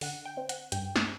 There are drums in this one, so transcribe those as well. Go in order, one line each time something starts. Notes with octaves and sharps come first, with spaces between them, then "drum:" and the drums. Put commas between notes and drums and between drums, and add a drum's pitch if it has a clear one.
D3 F#5, drum: open hi-hat
G5
C4
F#5, drum: hi-hat
G2 G5, drum: hi-hat
drum: snare